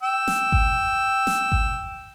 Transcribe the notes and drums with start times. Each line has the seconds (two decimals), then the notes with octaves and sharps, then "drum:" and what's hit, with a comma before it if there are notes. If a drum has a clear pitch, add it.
0.03 G5 E6
0.28 drum: snare
0.52 drum: kick G#1
1.27 drum: snare
1.52 drum: kick G#1